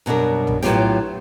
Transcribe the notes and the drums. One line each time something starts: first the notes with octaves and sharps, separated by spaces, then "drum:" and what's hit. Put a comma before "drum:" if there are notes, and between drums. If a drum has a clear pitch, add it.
F#2 B2 G3 D4 A#4
drum: tom A#1
A2 F#3 B3 F4 G4 G5, drum: snare